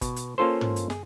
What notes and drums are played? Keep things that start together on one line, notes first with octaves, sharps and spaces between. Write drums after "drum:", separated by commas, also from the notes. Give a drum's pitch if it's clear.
B2, drum: kick, hi-hat
drum: hi-hat
A#3 C#4 F4 A4 C5
drum: tom
drum: hi-hat
G#4, drum: snare